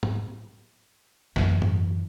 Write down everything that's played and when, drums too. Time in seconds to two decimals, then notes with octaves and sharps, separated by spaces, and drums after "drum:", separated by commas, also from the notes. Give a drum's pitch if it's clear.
0.03 drum: tom G#2
1.36 F#2 E3, drum: snare
1.62 drum: tom G#2